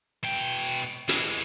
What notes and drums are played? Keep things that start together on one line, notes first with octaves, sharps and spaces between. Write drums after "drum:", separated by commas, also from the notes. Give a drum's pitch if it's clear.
B2 G5
E3 G#3, drum: hi-hat